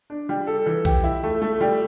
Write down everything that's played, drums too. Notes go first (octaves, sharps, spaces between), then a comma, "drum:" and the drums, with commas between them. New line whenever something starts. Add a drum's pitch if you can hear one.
D4
G3
A4
E3
G4, drum: kick B1
E4
A3
A3, drum: tom
G3